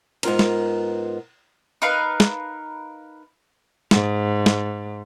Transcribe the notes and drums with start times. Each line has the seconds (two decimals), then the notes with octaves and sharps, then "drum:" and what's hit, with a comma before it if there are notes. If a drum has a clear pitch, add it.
0.23 G#2 B3 F4 A#4 A#5, drum: cymbal
0.39 drum: snare
1.82 D#4 A#4 B4 F5
2.20 drum: snare
3.91 G#2, drum: snare
4.46 drum: snare